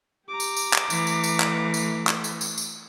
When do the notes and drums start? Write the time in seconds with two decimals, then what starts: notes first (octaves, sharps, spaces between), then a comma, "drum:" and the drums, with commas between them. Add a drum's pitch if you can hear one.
0.28 G4 A#5 D6
0.40 drum: tambourine
0.57 drum: tambourine
0.73 drum: clap
0.90 E3 A3, drum: tambourine
1.07 drum: tambourine
1.24 drum: tambourine
1.40 drum: clap
1.74 drum: tambourine
2.07 drum: clap
2.24 drum: tambourine
2.41 drum: tambourine
2.58 drum: tambourine